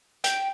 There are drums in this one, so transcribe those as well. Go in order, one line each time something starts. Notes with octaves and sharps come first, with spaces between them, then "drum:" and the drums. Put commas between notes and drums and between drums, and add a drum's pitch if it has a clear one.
G5, drum: hi-hat